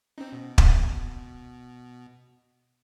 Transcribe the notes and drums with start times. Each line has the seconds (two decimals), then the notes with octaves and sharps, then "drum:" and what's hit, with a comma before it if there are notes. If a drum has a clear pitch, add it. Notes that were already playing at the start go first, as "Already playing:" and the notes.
0.18 C4 C#4 D#4
0.32 B2
0.58 drum: kick